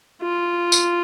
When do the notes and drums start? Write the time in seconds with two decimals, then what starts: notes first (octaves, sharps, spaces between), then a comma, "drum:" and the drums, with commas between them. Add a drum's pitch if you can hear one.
0.22 F4
0.72 drum: tambourine